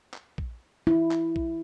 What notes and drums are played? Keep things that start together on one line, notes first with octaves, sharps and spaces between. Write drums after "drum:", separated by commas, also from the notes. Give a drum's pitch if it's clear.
drum: clap
drum: kick A#1
E4
drum: clap
drum: kick A#1